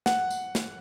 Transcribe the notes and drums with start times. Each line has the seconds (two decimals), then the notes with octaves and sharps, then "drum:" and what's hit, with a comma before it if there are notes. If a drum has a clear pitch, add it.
0.06 F#5, drum: snare
0.30 drum: tambourine
0.55 drum: snare